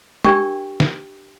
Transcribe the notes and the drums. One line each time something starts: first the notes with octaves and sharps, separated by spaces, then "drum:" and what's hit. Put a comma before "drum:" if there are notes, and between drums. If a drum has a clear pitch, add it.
D4 G4 A#4 G5 C#6, drum: tom
drum: snare